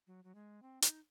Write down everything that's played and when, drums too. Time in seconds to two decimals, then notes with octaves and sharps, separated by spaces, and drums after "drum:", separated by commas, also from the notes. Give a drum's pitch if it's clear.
0.07 F#3
0.24 F#3
0.35 G#3
0.62 C4
0.82 D#4, drum: hi-hat